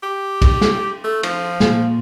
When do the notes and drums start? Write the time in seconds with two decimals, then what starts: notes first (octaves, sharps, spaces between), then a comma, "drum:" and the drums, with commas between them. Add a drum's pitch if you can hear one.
0.03 G4
0.42 drum: kick, cymbal
0.61 drum: snare
1.04 A3
1.23 F3, drum: cymbal
1.60 A#2, drum: snare